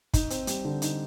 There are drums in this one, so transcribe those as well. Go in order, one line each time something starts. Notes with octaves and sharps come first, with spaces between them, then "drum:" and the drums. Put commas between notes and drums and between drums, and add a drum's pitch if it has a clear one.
D#4, drum: kick, hi-hat
C4, drum: hi-hat
G3, drum: hi-hat
D3
D#4, drum: hi-hat